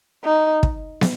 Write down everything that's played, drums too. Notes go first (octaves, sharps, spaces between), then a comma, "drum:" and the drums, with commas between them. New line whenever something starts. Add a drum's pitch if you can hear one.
D#4
drum: kick
drum: snare